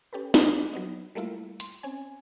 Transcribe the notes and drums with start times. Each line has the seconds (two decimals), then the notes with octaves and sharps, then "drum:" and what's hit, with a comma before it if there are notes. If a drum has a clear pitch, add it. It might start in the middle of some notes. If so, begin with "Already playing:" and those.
0.13 C#4 G4 A4 B4
0.34 D#5 G#5 D6 D#6, drum: snare
0.73 F#3 B3 D#4
1.15 G3 A3 A#3 E4 F4
1.60 C6, drum: hi-hat
1.83 C4 C#4 G#5